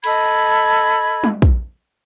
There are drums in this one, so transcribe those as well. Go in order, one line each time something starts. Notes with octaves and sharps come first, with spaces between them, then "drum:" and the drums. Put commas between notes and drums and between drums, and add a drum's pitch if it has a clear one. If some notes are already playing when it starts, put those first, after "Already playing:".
A4 D#5 B5 G#6, drum: cymbal
drum: tom G3
drum: kick